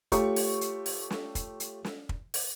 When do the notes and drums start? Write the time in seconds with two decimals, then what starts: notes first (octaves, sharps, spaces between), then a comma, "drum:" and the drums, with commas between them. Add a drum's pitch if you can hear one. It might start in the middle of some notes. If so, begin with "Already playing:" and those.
0.12 A3 F4 G4 C#5 C#6, drum: kick, hi-hat
0.36 drum: open hi-hat
0.61 drum: hi-hat
0.86 drum: open hi-hat
1.10 drum: snare
1.35 drum: kick, hi-hat
1.60 drum: hi-hat
1.85 drum: snare
2.09 drum: kick
2.34 drum: open hi-hat